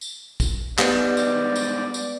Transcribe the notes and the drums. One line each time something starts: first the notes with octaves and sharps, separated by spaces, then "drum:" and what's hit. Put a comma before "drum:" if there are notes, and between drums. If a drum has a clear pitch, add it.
drum: tambourine
drum: kick, tambourine
G#2 G3 B3 G4 D5, drum: clap
drum: tambourine
drum: tambourine
drum: tambourine